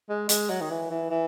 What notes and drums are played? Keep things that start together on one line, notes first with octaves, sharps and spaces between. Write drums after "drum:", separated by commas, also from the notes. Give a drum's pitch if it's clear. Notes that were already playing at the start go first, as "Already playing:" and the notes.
G#3
G#3, drum: hi-hat
F#3
D#3
E3
E3
E3